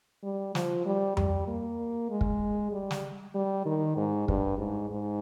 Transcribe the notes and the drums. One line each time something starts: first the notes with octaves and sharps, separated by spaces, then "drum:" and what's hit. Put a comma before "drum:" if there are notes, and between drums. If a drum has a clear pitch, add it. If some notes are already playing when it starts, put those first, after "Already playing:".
G3
F3, drum: snare
G3
G3, drum: tom F2
A#3
G#3
drum: kick
G3
drum: snare
G3
D#3
G#2
G2, drum: kick
G#2
G#2